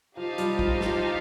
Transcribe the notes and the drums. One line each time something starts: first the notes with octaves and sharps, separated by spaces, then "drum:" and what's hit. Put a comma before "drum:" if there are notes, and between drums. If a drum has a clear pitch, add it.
F3 D#4 G4 C5 F5 A5
F3 G3, drum: hi-hat
F3, drum: kick
F3, drum: snare
F3